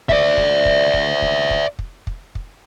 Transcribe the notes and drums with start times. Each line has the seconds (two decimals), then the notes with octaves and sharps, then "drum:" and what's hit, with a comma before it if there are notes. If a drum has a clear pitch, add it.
0.09 D5 E5, drum: kick
0.37 drum: kick
0.66 drum: kick
0.94 drum: kick
1.22 drum: kick
1.50 drum: kick
1.79 drum: kick
2.07 drum: kick
2.35 drum: kick